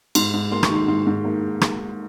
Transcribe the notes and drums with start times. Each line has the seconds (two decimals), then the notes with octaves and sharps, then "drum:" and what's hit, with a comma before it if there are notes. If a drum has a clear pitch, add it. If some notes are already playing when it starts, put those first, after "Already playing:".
0.15 G#2 C6, drum: cymbal
0.34 G#2
0.51 A#3 C6
0.63 C#6, drum: rim click
0.70 D#3 C6
0.88 G#2 C6
1.07 G#2
1.25 A#3
1.61 drum: rim click